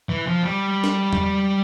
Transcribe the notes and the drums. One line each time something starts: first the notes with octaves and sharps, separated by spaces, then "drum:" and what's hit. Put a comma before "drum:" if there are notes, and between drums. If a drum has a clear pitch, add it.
E3
F3
G3
drum: snare
drum: tom